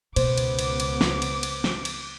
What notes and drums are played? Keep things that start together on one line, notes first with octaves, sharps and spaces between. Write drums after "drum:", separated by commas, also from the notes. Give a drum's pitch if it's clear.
C#2 B2 B3 C5 D6, drum: cymbal
drum: cymbal
drum: cymbal
drum: cymbal
drum: snare
drum: cymbal
drum: cymbal
drum: snare
drum: cymbal